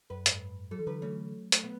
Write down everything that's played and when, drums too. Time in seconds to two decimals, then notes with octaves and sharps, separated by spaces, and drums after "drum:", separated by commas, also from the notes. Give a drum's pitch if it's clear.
0.10 F#2 B4
0.26 G#2, drum: hi-hat
0.71 F#3 A4
0.79 E3
0.87 D3 F#3 B4
1.02 F#3 A3 C#4
1.52 A3, drum: hi-hat
1.64 B3